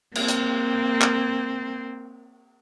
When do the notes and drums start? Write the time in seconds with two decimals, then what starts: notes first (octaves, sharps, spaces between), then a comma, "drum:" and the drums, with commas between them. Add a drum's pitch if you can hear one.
0.15 A#3 C4, drum: cymbal
0.28 drum: hi-hat
1.01 drum: clap